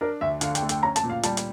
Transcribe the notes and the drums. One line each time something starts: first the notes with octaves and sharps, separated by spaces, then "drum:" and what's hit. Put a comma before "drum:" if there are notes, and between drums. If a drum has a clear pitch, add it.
D4 A#4
D2 E5
D3 F5, drum: hi-hat
G5, drum: hi-hat
A3
G5, drum: hi-hat
C#4 A#5
A5, drum: hi-hat
A#2
F5
G3 A5, drum: hi-hat
drum: hi-hat